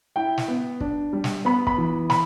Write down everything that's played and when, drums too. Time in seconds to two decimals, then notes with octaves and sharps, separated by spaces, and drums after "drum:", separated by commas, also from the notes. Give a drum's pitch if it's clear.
0.16 E4 G5
0.38 drum: snare
0.48 B3
0.80 D4, drum: kick
1.13 G3
1.24 drum: snare
1.45 B3 B5
1.67 B5, drum: kick
1.78 E3
2.10 B5, drum: snare